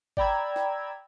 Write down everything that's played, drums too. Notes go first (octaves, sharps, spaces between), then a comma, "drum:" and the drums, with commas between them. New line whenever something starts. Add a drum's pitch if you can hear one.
D5 G5 A#5 B5 E6 G#6, drum: kick G#1
drum: snare